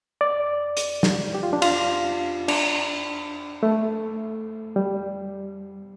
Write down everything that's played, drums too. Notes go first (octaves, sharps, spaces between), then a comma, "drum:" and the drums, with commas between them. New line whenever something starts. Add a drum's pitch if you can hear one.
D5
drum: hi-hat
drum: snare
G4
F4
D4
F4, drum: cymbal
D4, drum: cymbal
A3
G3